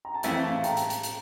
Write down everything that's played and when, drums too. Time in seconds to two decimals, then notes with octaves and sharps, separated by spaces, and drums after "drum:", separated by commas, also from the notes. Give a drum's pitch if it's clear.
0.05 A#5
0.14 A5
0.23 F2 E3 A3 E4 E5 G5, drum: hi-hat
0.43 F5 A5
0.64 G5 A#5, drum: hi-hat
0.77 drum: hi-hat
0.90 drum: hi-hat
1.03 drum: hi-hat